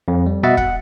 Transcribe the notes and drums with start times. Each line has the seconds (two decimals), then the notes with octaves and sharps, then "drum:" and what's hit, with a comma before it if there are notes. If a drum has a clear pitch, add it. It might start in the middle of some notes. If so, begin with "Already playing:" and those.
0.08 F2
0.26 G3
0.43 B2 D#5 E5 F#5 A6
0.57 F#5, drum: kick